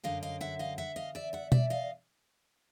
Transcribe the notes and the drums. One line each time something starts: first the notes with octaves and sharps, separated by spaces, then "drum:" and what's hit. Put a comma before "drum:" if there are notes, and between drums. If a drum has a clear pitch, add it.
F#2 D3 F#3 D#5 F5
D#5 F5
E5 F#5
D#5 F5
E5 F#5
D#5 F5
D5 E5
E5 F#5
D5 E5, drum: tom B2
D#5 F5